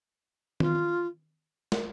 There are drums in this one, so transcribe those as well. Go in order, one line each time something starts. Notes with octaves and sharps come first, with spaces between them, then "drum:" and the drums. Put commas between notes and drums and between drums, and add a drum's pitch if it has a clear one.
F4, drum: tom D#3
drum: snare